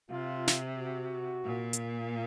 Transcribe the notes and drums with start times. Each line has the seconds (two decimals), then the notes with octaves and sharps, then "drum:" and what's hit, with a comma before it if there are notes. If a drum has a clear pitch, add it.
0.10 C3 F4
0.47 drum: snare
0.77 F#4
1.45 A#2
1.73 drum: hi-hat